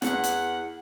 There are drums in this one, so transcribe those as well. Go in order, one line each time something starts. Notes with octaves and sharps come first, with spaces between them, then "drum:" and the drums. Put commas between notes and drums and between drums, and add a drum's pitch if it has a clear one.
E2 F#5, drum: snare
drum: hi-hat